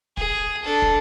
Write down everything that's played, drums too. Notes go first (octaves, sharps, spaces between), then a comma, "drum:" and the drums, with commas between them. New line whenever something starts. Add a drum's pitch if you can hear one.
G#4, drum: kick
D4 A4
drum: kick